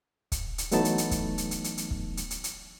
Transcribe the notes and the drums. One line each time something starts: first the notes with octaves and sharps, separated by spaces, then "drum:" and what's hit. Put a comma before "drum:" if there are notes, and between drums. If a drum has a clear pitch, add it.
drum: kick, hi-hat
drum: hi-hat
E3 F#3 A3 B3 D#4 A5, drum: hi-hat
drum: hi-hat
drum: hi-hat
drum: kick, hi-hat
drum: hi-hat
drum: hi-hat
drum: hi-hat
drum: hi-hat
drum: kick
drum: hi-hat
drum: hi-hat
drum: hi-hat